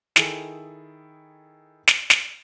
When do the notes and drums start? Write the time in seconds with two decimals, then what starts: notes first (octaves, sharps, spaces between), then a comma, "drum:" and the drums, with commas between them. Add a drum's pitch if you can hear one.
0.16 D#3 E4 G#4 A4, drum: snare
1.88 drum: snare
2.10 drum: snare